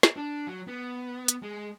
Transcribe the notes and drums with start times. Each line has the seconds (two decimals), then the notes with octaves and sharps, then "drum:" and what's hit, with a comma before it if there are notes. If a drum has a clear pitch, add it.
0.03 drum: snare
0.17 D4
0.47 F#3
0.68 B3
1.28 drum: hi-hat
1.43 G#3